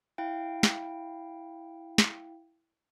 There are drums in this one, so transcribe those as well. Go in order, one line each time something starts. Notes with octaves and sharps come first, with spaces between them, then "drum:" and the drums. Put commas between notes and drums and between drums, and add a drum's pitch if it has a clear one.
E4 F5 G5
drum: snare
drum: snare